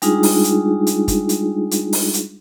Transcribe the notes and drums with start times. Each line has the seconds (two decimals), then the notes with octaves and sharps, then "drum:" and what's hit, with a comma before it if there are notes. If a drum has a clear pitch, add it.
0.02 G3 G#3 D4 D#4 F4 G#4, drum: hi-hat
0.23 drum: open hi-hat
0.44 drum: hi-hat
0.87 drum: hi-hat
1.08 drum: kick, hi-hat
1.29 drum: hi-hat
1.71 drum: hi-hat
1.93 drum: open hi-hat
2.14 drum: hi-hat